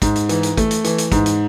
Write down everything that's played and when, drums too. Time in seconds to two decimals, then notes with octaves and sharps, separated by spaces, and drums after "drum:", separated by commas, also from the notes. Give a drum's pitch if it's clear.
0.02 G#2, drum: kick, hi-hat
0.16 drum: hi-hat
0.29 E3, drum: hi-hat
0.43 drum: hi-hat
0.57 A3, drum: kick, hi-hat
0.71 drum: hi-hat
0.84 E3, drum: hi-hat
0.98 drum: hi-hat
1.12 G#2, drum: kick, hi-hat
1.26 drum: hi-hat